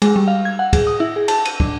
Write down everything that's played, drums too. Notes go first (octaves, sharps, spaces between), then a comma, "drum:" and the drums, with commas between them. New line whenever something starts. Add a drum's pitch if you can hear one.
G#3, drum: cymbal
G3
F5
G#6
F#5
G#4, drum: kick, cymbal
D#6
E4
G#4
A5, drum: cymbal
D#7, drum: cymbal
D4, drum: kick